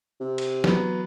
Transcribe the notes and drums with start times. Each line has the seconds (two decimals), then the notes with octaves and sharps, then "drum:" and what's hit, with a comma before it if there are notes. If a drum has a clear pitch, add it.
0.20 C3
0.38 drum: cymbal
0.64 E3 F#3 B3, drum: snare